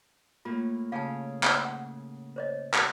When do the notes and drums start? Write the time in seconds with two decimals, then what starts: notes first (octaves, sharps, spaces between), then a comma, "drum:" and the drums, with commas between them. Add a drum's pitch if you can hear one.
0.45 A2 A#3 F4
0.92 C#3 F5 G#5 A5
1.43 drum: clap
1.65 F#5
2.36 C5 C#5 D#5
2.74 drum: clap